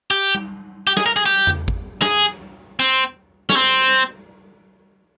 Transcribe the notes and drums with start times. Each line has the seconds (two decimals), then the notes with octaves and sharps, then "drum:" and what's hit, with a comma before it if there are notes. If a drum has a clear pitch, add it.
0.11 G4
0.35 drum: tom G3
0.87 G4
0.97 G#4, drum: snare
1.06 A#4
1.16 G#4
1.26 G4
1.47 drum: tom E2
1.68 drum: kick G#1
2.02 G#4, drum: snare
2.80 C4
3.50 C#4, drum: snare
3.56 C4